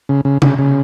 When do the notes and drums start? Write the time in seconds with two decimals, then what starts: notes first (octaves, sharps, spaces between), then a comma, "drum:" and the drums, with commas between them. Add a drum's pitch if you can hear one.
0.09 C#3
0.25 C#3
0.42 C#3, drum: tom C3
0.58 C#3